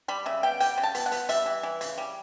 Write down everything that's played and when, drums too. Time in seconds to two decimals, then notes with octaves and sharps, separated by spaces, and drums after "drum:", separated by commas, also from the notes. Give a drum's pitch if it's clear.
0.08 G3 B5
0.26 C#3 E5
0.43 B3 G5
0.60 G3 G5, drum: hi-hat
0.78 C#3
0.83 A5
0.95 B3, drum: hi-hat
1.06 F#5
1.12 B3, drum: hi-hat
1.29 G3 E5, drum: hi-hat
1.46 E3
1.63 E3
1.81 C#3, drum: hi-hat
1.98 G3